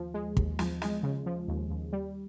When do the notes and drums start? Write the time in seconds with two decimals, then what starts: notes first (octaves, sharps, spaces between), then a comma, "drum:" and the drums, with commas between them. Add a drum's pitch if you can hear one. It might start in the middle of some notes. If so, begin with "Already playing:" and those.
Already playing: D#2 F3
0.14 G#3
0.37 D#2, drum: kick
0.59 F3, drum: snare
0.82 G#3, drum: snare
1.03 C#3
1.26 F3
1.48 D#2
1.70 D#2
1.93 G3